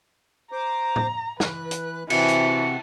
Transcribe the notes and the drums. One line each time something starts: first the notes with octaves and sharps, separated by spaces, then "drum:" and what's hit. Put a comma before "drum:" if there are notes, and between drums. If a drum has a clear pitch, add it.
C5 A#5 D6
drum: tom A2
E3 B4 F#6, drum: snare
drum: hi-hat
C3 E3 C4 F#4 A5 C#7, drum: cymbal
drum: hi-hat